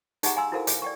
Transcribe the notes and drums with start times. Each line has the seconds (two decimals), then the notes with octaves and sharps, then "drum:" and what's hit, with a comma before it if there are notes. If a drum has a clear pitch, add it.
0.23 D#4 G4 G#4 F#5 A#5 C#6, drum: hi-hat
0.36 F5 G#5 A#5 C6 E6
0.52 E4 F#4 A4 A#4 C5 F5
0.67 D6, drum: hi-hat
0.82 D5 G5 C#6